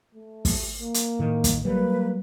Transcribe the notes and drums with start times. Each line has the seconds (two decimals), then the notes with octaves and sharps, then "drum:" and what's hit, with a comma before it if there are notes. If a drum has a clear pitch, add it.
0.15 A3
0.45 drum: kick, open hi-hat
0.79 A#3
0.94 drum: hi-hat
1.19 A2 D#3
1.44 drum: kick, hi-hat
1.65 F#3 G3 A#3 B4